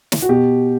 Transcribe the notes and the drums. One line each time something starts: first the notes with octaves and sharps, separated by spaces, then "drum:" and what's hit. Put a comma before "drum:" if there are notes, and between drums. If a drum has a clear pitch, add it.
drum: snare
F#4
B2 G4